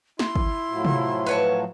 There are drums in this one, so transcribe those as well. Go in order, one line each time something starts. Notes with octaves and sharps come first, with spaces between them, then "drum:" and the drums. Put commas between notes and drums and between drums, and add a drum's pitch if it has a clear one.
E4 C6, drum: snare
drum: kick
A2 F3 F#3
drum: tom C3
B4 C#5 A5